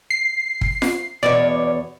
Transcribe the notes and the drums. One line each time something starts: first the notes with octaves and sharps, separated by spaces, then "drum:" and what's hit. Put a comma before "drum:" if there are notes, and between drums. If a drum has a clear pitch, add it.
C7
drum: kick
drum: snare F4
E2 B2 C#5 D5